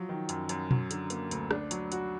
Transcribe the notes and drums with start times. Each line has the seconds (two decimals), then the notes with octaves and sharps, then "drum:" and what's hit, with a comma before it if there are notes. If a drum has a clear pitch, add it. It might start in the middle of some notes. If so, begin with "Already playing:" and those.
Already playing: F3 F#3
0.09 D#3
0.29 F#2, drum: hi-hat
0.49 F#2, drum: hi-hat
0.71 F#3, drum: tom B2
0.91 D3, drum: hi-hat
1.10 A#3, drum: hi-hat
1.31 D2, drum: hi-hat
1.51 D4, drum: rim click
1.71 F#3, drum: hi-hat
1.92 F#4, drum: hi-hat